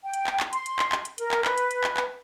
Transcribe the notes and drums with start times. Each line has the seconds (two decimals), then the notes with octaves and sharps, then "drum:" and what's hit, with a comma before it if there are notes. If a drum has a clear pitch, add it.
0.04 G5
0.13 drum: hi-hat
0.27 drum: clap
0.40 drum: clap
0.53 C6, drum: hi-hat
0.66 drum: hi-hat
0.79 drum: clap
0.92 drum: clap
1.05 drum: hi-hat
1.18 A#4, drum: hi-hat
1.31 drum: clap
1.44 B4, drum: clap
1.58 drum: hi-hat
1.71 drum: hi-hat
1.84 drum: clap
1.97 drum: clap